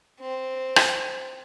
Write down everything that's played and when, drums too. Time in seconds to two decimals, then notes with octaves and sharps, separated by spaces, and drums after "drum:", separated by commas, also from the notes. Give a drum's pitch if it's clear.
0.20 C4
0.76 drum: rim click